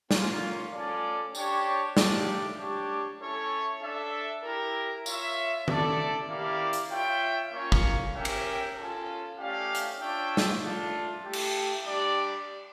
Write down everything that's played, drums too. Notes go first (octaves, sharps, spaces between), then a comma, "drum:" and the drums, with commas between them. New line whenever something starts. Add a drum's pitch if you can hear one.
A#3 C#4 F4, drum: snare
C#4 F4 A4 D5
D4 G4 C#5 G5, drum: tambourine
A3 D4 G4 D5 F5, drum: snare
D4 G4 C#5
C#4 E4 A4 C#5
D4 A4 E5
E4 G4 A#4
F4 C#5 E5, drum: tambourine
A3 E4 A4 D5, drum: tom D#3
A#3 E4 G4 D5 F5
drum: hi-hat
F4 C#5 E5 G5
A#3 C#4 F4 C#5
drum: kick
C#4 G4 A#4 E5 G5
drum: cymbal
C#4 F4 A4
A3 C#4 G4 D5 F5
drum: hi-hat
D4 F4 C#5 E5 G5
drum: snare
A3 D4 F4
A3 E4 G4
drum: cymbal
G3 D4 G4 D5